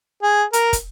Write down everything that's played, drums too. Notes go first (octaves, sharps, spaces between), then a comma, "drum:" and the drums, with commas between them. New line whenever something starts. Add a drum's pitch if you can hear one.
G#4
A#4, drum: hi-hat
drum: kick, hi-hat